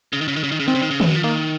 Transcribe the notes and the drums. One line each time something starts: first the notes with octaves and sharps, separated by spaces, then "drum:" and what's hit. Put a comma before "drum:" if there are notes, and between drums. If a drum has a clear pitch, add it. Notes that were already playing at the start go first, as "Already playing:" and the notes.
C#3
D#3
C#3
D#3
C#3
D#3
C#3
D#3 C4
C#3
D#3
C#3
A3, drum: tom D#3
F#3
F3
D#3 A#3